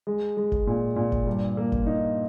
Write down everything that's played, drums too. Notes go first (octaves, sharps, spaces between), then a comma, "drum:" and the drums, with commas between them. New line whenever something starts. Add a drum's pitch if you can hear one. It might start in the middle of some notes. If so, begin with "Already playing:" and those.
G#3
G#3
drum: kick F#1
A#2
A#2
drum: kick F#1
G2
A#3
drum: kick F#1
D#4